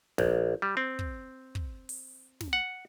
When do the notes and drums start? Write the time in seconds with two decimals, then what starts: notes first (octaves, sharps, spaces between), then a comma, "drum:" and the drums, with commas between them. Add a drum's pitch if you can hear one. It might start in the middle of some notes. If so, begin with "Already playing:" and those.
0.18 A#1, drum: snare
0.62 G3
0.77 C4
0.99 drum: kick
1.55 drum: kick
1.89 drum: open hi-hat
2.41 drum: snare
2.53 F#5